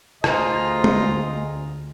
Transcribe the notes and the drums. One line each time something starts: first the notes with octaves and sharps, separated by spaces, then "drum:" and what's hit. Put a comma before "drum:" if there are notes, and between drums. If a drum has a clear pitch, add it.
D2 F4 G#4 C5 D#5 A#5, drum: rim click
drum: tom G#3